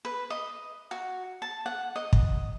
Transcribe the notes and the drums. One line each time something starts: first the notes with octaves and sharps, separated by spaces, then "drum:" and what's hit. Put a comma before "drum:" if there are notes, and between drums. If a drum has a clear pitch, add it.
B4
D#5
F#4
A5
F#5
D#5
drum: kick